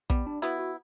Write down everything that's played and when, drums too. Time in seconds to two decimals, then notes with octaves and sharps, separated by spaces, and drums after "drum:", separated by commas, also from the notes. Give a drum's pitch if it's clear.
0.10 G3 B3, drum: kick
0.27 D4
0.42 B3 E4 F#4
0.59 F#4